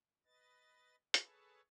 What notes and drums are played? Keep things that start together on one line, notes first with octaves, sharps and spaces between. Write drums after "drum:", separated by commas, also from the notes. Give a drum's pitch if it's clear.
B4 D#5 A6
G#4 A4 B4 C#5 A5, drum: hi-hat